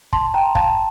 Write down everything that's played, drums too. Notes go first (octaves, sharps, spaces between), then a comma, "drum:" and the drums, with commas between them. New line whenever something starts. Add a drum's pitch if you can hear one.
A5 C6, drum: kick
G5 A#5
F5 A5, drum: kick